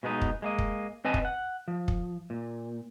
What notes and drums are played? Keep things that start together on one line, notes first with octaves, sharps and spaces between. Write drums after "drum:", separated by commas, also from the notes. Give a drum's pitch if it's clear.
B2 G#3 B3 D#4
drum: kick
G#3 A#3 D#5
drum: kick
C4 B4 D#5 G#5 A5
drum: kick
F#5
F3
drum: kick
A#2